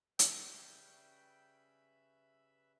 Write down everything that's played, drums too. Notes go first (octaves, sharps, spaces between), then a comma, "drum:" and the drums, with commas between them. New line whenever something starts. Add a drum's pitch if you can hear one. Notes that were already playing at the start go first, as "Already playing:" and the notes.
C#3 G3 B4 E5 G5, drum: hi-hat